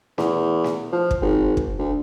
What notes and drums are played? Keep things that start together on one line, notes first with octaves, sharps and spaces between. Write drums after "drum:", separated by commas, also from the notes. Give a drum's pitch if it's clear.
E2, drum: snare
drum: snare
F3
drum: kick
G#1
drum: kick
D2